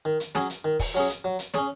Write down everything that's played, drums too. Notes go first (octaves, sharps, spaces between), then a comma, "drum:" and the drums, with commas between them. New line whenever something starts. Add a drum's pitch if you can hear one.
D#3
drum: hi-hat
F#3 C#4 G#4, drum: snare
drum: hi-hat
D#3
drum: kick, open hi-hat
F#3 C#4 G#4
drum: hi-hat
F#3
drum: hi-hat
C#4 G#4 C#5, drum: snare